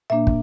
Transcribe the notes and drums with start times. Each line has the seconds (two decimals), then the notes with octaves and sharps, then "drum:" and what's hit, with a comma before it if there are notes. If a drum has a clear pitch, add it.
0.10 A#2 A#3 D4 E5
0.27 drum: kick